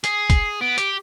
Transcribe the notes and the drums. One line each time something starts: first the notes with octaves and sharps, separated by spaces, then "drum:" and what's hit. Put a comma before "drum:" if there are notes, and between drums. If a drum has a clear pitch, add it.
G#4 C7, drum: hi-hat
drum: kick F1, hi-hat
B3 D7
G4, drum: hi-hat